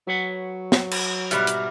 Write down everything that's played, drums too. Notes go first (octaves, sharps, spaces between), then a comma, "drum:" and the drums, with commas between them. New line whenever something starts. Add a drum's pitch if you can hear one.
F#3 B4 C#5 F#5
drum: snare
drum: cymbal
G#2 B2 G3 E5 F6, drum: hi-hat
drum: hi-hat